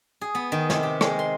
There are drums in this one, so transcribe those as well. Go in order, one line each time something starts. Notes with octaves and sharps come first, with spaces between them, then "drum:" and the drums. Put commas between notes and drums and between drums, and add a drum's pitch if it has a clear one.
G#4
B3
D#3
C3, drum: snare
G4
G#3, drum: rim click
C6